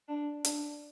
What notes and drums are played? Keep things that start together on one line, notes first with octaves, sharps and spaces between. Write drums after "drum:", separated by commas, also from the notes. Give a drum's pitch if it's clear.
D4
D4, drum: hi-hat